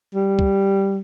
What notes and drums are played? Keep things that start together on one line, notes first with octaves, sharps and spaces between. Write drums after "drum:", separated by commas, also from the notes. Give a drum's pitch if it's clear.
G3
drum: kick